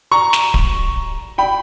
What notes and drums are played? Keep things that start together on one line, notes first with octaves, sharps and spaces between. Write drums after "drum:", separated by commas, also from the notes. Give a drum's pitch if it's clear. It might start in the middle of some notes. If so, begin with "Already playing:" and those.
A#5 C#6
drum: snare
drum: kick D1
G5 B5